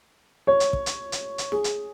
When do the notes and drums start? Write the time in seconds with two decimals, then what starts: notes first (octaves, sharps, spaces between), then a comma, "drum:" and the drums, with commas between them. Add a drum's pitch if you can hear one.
0.47 C#5
0.60 drum: hi-hat
0.73 drum: kick
0.86 drum: hi-hat
1.12 drum: hi-hat
1.38 drum: hi-hat
1.52 G#4, drum: snare
1.64 drum: hi-hat